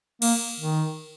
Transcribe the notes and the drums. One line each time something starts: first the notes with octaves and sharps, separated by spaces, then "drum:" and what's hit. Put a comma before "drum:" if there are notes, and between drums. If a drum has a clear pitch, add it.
A#3, drum: cymbal
D#3